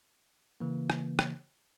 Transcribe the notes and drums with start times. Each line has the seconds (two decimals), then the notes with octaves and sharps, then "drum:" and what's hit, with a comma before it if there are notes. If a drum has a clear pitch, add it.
0.60 C#3 E3 A#3
0.90 drum: rim click
1.19 drum: rim click